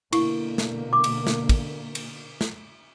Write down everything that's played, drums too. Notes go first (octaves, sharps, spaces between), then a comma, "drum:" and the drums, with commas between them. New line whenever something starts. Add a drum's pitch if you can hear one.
B2 D3 A#3 E4, drum: cymbal
drum: snare
D6
drum: cymbal
drum: snare
drum: kick, cymbal
drum: cymbal
drum: snare